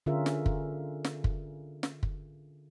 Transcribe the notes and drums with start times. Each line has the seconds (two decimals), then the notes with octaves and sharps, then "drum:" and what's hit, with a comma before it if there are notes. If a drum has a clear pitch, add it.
0.06 D3 C#4 F4 G#4 A#4 E5
0.26 drum: snare
0.46 drum: kick
1.04 drum: snare
1.24 drum: kick
1.83 drum: snare
2.03 drum: kick